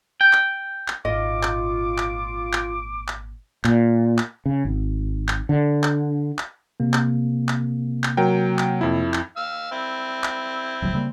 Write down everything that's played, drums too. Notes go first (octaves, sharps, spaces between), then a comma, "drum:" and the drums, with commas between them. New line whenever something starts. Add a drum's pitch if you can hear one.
G5
drum: clap
drum: clap
G#1 A#2 F4 D#5 D6
drum: clap
drum: clap
drum: clap
drum: clap
A#2, drum: clap
drum: clap
C#3
G#1
drum: clap
D3
drum: clap
drum: clap
C3 A#3
drum: clap
drum: clap
drum: clap
F#3 A#4 G5
drum: clap
F2 E4
drum: clap
F5 E6
C4 E4
drum: clap
D1 C#2 F#3
C#3 G3 A#3